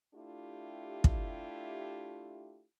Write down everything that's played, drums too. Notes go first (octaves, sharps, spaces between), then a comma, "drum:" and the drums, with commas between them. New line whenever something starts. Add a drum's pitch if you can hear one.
A3 D4 E4 F4 G4
drum: kick